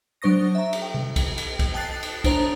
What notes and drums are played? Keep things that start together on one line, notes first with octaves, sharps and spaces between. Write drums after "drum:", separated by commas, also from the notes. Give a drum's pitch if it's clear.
F#3 D4 C5 C#6 D#6 A#6
E5 A#5
drum: cymbal
G5
drum: tom C3
drum: kick, cymbal
drum: cymbal
drum: kick, cymbal
G5 A5 D#6 F#6 A6 C7
drum: cymbal
D4 C5 C#5 A#5 D#6 F7, drum: kick, cymbal